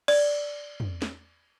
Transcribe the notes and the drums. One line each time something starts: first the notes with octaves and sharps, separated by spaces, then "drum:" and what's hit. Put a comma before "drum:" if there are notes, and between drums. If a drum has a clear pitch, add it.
D5, drum: cymbal
drum: tom
drum: snare